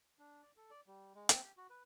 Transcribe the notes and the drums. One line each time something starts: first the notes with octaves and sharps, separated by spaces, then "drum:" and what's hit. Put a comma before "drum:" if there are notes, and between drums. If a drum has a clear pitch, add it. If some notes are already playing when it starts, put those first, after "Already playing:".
D4
D5
A4
D5
G3
G#3
C4, drum: hi-hat
G4
F#4
B4